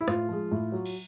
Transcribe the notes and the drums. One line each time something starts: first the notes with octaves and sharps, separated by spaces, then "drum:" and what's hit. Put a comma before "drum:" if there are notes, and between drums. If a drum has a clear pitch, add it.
E4
A2 F4, drum: rim click
F3 G#3
A2
F#3
drum: cymbal